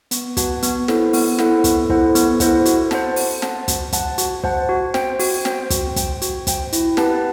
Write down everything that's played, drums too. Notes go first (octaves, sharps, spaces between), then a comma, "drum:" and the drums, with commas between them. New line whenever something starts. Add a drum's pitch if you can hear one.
B3, drum: hi-hat
F#4 B4 F#5 A5, drum: kick, hi-hat
B3, drum: hi-hat
E4 A4 C5 F#5, drum: snare
B3, drum: open hi-hat
E4 A4 C5 F#5, drum: snare
B3, drum: kick, hi-hat
E4 A4 C5 F#5, drum: kick
B3, drum: hi-hat
E4 A4 C5 F#5, drum: kick, hi-hat
F#4, drum: hi-hat
C5 F#5 A5, drum: snare
F#4, drum: open hi-hat
C5 F#5 A5, drum: snare
F#4, drum: kick, hi-hat
C5 F#5 A5, drum: kick, hi-hat
F#4, drum: hi-hat
C5 F#5 A5, drum: kick
F#4
C5 G5, drum: snare
F#4, drum: open hi-hat
C5 G5, drum: snare
F#4, drum: kick, hi-hat
C5 G5, drum: kick, hi-hat
F#4, drum: hi-hat
C5 G5, drum: kick, hi-hat
E4, drum: hi-hat
G4 B4 F#5 A5, drum: snare